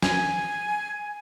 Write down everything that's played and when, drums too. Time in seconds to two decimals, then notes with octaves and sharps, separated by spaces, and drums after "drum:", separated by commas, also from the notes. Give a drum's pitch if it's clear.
0.03 G#5, drum: snare